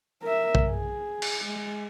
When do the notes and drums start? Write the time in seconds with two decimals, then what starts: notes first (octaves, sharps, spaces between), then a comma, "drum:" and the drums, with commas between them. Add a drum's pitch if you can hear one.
0.23 A#4 E5
0.55 drum: tom
0.70 G#4
1.22 drum: cymbal
1.45 G#3